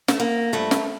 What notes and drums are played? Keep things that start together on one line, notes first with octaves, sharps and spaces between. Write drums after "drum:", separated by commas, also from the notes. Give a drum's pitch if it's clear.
A3, drum: snare
A#3
G2 F3 A3
drum: snare